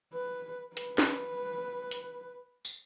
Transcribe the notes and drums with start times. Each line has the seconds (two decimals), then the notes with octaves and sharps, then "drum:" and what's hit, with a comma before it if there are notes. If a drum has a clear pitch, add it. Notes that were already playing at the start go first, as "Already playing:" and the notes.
0.14 B4
0.77 B4, drum: hi-hat
0.98 drum: snare
1.91 drum: hi-hat
2.65 drum: tambourine